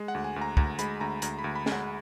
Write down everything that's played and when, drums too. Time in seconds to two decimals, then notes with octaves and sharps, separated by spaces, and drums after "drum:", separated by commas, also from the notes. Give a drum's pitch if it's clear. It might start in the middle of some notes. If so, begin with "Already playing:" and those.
Already playing: G#3
0.08 F#5
0.15 D2
0.24 G#5
0.36 D2
0.41 A#5
0.57 D2 A#5, drum: kick
0.79 G#3 B5, drum: hi-hat
1.01 D2 A#5
1.22 D2 A#5, drum: hi-hat
1.39 B5
1.44 D2
1.55 B5
1.66 G#3, drum: snare
1.72 F#5